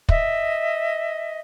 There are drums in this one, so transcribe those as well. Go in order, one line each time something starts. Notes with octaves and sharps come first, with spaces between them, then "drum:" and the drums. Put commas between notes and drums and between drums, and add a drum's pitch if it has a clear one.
D#5 E5, drum: kick